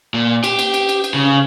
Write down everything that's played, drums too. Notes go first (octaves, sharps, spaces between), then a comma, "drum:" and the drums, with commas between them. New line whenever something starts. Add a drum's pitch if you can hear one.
A#2
G4, drum: cymbal
drum: cymbal
drum: cymbal
drum: cymbal
drum: cymbal
C#3